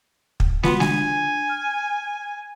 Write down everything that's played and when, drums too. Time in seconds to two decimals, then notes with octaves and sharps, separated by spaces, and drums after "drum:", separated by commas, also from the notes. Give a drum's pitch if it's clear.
0.40 drum: kick
0.63 B3 F4 F#4 C6, drum: snare
0.80 D4 G#5, drum: snare
1.49 F6